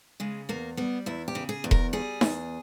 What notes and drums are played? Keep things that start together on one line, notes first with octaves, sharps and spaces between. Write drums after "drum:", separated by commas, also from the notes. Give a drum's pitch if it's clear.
C#3 G#3
E2 A#3
G3 B3
E2 E4
G4
C#3
G#4
E2
A#4, drum: kick E1
G3 G#4
E2, drum: snare D#4